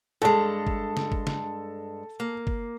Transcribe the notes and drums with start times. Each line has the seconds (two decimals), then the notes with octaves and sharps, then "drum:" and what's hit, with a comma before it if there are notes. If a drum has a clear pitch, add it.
0.22 G2 G#3 A4 A5
0.67 drum: kick
0.97 drum: snare
1.12 drum: kick
1.27 drum: snare
2.20 A#3
2.47 drum: kick